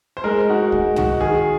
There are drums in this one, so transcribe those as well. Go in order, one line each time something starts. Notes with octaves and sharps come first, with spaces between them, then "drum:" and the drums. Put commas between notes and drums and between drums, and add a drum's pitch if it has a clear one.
C5
G#3 A#4
D#4 F#4
G#3, drum: kick C#2
D#4 F#4, drum: tom
D#3 G#4